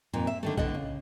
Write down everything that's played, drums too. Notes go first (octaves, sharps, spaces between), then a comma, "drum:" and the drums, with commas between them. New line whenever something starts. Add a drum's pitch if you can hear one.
F2 A#2 D#4
E5
D3 D#3 A3
A2 D3 B3 D#5 F#5, drum: kick B1
C#3